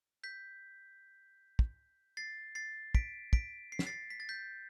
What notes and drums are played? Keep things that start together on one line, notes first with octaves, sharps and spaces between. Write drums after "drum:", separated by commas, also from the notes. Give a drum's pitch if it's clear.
G6 B6
drum: kick
A6 C7
A6 C7
B6 D7, drum: kick
B6 D7, drum: kick
C7
B6, drum: snare
A6 C7
B6
A6
G6 B6